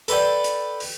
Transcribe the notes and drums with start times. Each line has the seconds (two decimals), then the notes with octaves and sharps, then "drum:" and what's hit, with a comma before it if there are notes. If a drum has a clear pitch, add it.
0.08 A4 B4 D5 G5, drum: hi-hat
0.44 drum: hi-hat
0.80 drum: open hi-hat